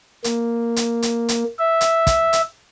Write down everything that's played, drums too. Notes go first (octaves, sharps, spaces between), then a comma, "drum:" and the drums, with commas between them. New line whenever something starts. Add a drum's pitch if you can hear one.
A#3, drum: hi-hat
drum: hi-hat
drum: hi-hat
drum: hi-hat
E5
drum: hi-hat
drum: kick, hi-hat
drum: hi-hat